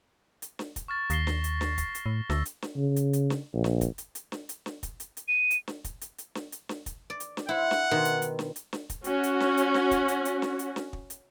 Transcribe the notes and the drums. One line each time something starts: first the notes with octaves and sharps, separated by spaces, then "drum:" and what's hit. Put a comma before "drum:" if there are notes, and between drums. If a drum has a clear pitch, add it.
drum: hi-hat
drum: snare
drum: kick, hi-hat
C#6 F6 A6
D#2 A#6 C7 G7, drum: hi-hat
drum: snare
drum: hi-hat
drum: snare
drum: kick, hi-hat
drum: hi-hat
A2
D2 E6 A#6, drum: snare
drum: hi-hat
drum: snare
C#3
drum: hi-hat
drum: hi-hat
drum: snare
A#1
drum: snare
drum: kick, hi-hat
drum: hi-hat
drum: hi-hat
drum: snare
drum: hi-hat
drum: snare
drum: kick, hi-hat
drum: hi-hat
drum: hi-hat
D#7
drum: hi-hat
drum: snare
drum: kick, hi-hat
drum: hi-hat
drum: hi-hat
drum: snare
drum: hi-hat
drum: snare
drum: kick, hi-hat
D5
drum: hi-hat
drum: snare
E4 C5 F#5
drum: snare
B2 D#3 C5
drum: hi-hat
drum: hi-hat
drum: snare
drum: hi-hat
drum: snare
drum: kick, hi-hat
C#4 F#4, drum: hi-hat
drum: hi-hat
drum: snare
drum: hi-hat
drum: snare
drum: kick, hi-hat
drum: hi-hat
drum: hi-hat
drum: snare
drum: hi-hat
drum: snare
drum: kick
drum: hi-hat